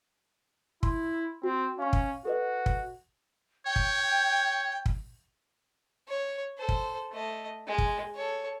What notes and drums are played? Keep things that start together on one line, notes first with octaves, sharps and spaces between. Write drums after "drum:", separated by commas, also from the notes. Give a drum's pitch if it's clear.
E4 C6, drum: kick
C4 F#4
C#4 F5 C#6
drum: kick
F#4 A4 B4 D#5
drum: kick
C#5 G5
drum: kick
drum: kick
C#5
A4 C5
drum: kick
A3 D#5
G#3
drum: kick
A4 C#5